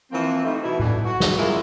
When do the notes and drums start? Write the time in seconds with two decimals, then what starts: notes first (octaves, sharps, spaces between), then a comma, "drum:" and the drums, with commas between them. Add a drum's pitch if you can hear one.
0.12 E3 F3 A#3 C4
0.44 G3 A3 D#4
0.63 B2 E3 E4
0.80 G2 B2 D3 E3, drum: tom A2
1.05 F#4
1.20 drum: snare
1.37 F#2 G#3 A#3 E4 F4 A#4